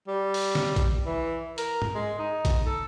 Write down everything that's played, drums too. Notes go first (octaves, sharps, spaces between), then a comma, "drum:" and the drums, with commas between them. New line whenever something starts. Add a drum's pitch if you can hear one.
G3
drum: open hi-hat
drum: snare
drum: kick A#1, hi-hat
E3
A#4, drum: hi-hat
drum: tom G#2
G#3
D#4
drum: kick A#1, hi-hat
A4